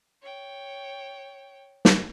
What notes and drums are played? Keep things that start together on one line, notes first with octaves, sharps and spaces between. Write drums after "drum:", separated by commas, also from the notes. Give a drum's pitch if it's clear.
C#5 G5
drum: snare